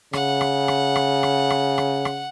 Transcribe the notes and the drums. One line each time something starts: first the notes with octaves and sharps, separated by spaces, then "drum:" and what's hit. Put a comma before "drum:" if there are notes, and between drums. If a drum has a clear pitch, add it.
C#3 F#5, drum: rim click
drum: rim click
drum: rim click
drum: rim click
drum: rim click
drum: rim click
drum: rim click
drum: rim click